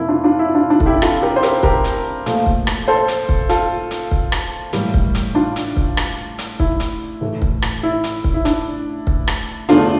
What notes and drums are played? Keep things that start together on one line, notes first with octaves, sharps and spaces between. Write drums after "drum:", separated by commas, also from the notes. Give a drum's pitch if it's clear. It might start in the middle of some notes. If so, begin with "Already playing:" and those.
Already playing: F2 C3 F3 A#3 E4
D4 F4
D4 F4
E4
D4 F4
D4 F4
A4, drum: kick C#1
E4 G4
F4 A4, drum: rim click
G4 A#4
C5
G4 A#4, drum: hi-hat
G4 A#4, drum: kick C#1
drum: hi-hat
A#2 F3 A3, drum: hi-hat
drum: kick C#1
drum: rim click
A4 C5
drum: hi-hat
drum: kick C#1
F4 A4, drum: hi-hat
drum: hi-hat
drum: kick C#1
drum: rim click
A2 E3 G3 A#3, drum: hi-hat
drum: kick C#1
drum: hi-hat
D4 F4
drum: hi-hat
drum: kick C#1
drum: rim click
drum: hi-hat
E4, drum: kick C#1
drum: hi-hat
A2 E3 A3
drum: kick C#1
drum: rim click
E4
drum: hi-hat
drum: kick C#1
E4
D4, drum: hi-hat
drum: kick C#1
drum: rim click
E2 D3 F3 A3 D4 F4, drum: hi-hat